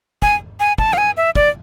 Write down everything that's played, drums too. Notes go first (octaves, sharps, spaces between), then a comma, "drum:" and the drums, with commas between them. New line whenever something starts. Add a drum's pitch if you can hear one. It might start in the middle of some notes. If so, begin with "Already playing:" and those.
G#5, drum: kick
G#5
A5, drum: kick
F5, drum: rim click
G#5
E5
D5, drum: kick